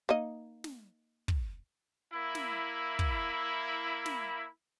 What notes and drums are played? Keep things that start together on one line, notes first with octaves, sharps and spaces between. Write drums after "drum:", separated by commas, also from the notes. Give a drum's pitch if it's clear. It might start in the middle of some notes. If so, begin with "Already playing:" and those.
A#3 D#4 D#5
drum: snare
drum: kick
A#3 E4
drum: snare
drum: kick
drum: snare